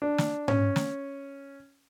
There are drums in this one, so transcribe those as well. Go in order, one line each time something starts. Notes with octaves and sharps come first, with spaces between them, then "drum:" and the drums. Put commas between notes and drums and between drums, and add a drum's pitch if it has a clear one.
D4
drum: snare
C#4, drum: tom G#2
drum: snare